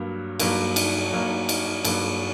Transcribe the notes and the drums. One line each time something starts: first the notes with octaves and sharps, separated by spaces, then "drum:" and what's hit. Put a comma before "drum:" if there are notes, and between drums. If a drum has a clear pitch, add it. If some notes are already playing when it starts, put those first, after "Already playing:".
Already playing: G2 F#3 A#3
G2 F#3 A#3, drum: cymbal
drum: cymbal
G2 F#3 A#3
drum: cymbal
G2 F#3 A#3, drum: cymbal